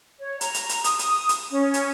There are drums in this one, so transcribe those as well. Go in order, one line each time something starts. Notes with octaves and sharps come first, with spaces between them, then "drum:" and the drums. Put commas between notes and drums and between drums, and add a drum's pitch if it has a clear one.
C#5
A#5, drum: hi-hat
drum: hi-hat
drum: hi-hat
D#6, drum: hi-hat
drum: hi-hat
drum: hi-hat
C#4
drum: hi-hat